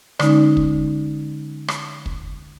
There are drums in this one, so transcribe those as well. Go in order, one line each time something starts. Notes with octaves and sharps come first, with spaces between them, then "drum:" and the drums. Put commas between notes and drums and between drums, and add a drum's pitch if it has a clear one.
D3 G#3 C#4 D#4, drum: rim click
drum: kick
drum: rim click
drum: kick